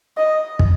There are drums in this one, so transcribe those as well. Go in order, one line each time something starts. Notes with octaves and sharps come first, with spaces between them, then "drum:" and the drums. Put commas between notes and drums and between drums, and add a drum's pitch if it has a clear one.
D#5
drum: kick